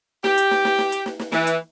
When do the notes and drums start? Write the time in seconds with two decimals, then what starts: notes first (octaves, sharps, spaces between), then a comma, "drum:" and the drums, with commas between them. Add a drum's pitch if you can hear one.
0.24 G4, drum: snare
0.38 drum: hi-hat
0.51 drum: snare
0.65 drum: snare
0.79 drum: snare
0.92 drum: hi-hat
1.06 drum: snare
1.19 drum: snare
1.32 E3, drum: snare
1.47 drum: hi-hat